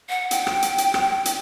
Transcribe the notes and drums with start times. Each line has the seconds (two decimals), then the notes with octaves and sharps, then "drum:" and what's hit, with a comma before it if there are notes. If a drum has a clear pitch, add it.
0.09 F#5
0.31 G5, drum: hi-hat
0.47 drum: rim click
0.62 drum: hi-hat
0.78 drum: hi-hat
0.94 drum: rim click
1.25 drum: hi-hat